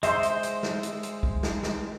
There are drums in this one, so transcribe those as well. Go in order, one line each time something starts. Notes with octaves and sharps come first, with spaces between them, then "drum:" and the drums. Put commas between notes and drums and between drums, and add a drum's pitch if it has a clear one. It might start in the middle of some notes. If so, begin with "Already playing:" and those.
G#3 C5 E5 C6, drum: hi-hat
drum: hi-hat
drum: hi-hat
drum: snare
drum: hi-hat
drum: hi-hat
drum: kick
drum: snare
drum: snare